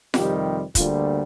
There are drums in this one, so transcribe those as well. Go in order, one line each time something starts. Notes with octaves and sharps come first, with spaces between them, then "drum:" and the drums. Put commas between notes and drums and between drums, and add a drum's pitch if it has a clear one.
F2 C3 D#3 G3 G4, drum: snare F4
D2 D3 G3 A#3 F4, drum: kick, hi-hat